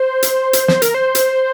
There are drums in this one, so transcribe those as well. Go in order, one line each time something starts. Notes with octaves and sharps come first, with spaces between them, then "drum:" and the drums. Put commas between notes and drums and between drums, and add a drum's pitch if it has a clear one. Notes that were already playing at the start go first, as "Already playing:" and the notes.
Already playing: C5
drum: hi-hat
drum: hi-hat
C5, drum: snare
A#4, drum: hi-hat
C5
drum: hi-hat